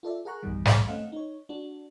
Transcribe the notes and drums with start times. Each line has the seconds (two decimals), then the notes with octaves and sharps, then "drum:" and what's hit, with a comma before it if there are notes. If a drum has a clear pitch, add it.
0.03 F4 A4 D5 E5
0.25 G#4 A#4 F#5 A#5 C#6 F#6
0.43 B1 E2 G2 B2 D#3 G3
0.65 drum: snare
0.88 A3 C4 C#4 D#5 F5 F#5
1.12 D#4 C#5
1.49 D4 F#4